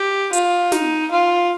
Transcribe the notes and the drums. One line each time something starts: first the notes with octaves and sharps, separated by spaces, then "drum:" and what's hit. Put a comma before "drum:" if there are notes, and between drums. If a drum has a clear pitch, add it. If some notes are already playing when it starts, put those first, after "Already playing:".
Already playing: G4
F4, drum: hi-hat
D#4, drum: snare
F4